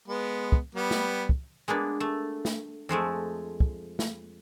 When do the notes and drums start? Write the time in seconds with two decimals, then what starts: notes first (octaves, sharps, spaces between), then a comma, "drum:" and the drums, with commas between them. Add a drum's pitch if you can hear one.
0.08 G#3 B3
0.52 drum: kick
0.75 G3 B3
0.91 drum: snare
1.29 drum: kick
1.68 G#3 A#3 B3 D4
2.00 A3
2.45 drum: snare
2.89 F2 F3 G#3 A3
3.60 drum: kick
3.99 drum: snare